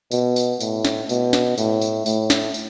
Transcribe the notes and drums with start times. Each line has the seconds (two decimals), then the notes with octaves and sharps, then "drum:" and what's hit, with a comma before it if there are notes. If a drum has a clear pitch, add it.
0.11 B2, drum: tambourine
0.36 drum: tambourine
0.60 A2, drum: tambourine
0.85 drum: snare
1.09 B2, drum: tambourine
1.33 drum: snare
1.58 A2, drum: tambourine
1.82 drum: tambourine
2.06 A2, drum: tambourine
2.30 drum: snare
2.54 drum: tambourine